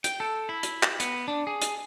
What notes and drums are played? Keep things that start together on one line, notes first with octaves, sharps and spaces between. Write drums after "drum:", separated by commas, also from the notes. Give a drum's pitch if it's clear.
G5, drum: hi-hat
A4
E4
drum: hi-hat
drum: clap
B3, drum: hi-hat
D4
G#4
drum: hi-hat